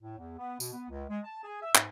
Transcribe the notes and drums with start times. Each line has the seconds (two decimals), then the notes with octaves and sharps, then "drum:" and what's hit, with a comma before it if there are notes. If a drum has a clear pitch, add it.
0.02 A2
0.18 E2
0.38 B3
0.60 B2, drum: tambourine
0.73 B3
0.90 C#2
1.09 G#3
1.24 A5
1.44 G#4
1.62 E5
1.75 G#2, drum: clap